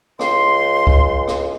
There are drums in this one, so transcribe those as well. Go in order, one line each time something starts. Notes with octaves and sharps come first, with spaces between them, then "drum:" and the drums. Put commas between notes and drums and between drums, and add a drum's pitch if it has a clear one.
C#2 C6, drum: rim click
drum: kick C#2
drum: rim click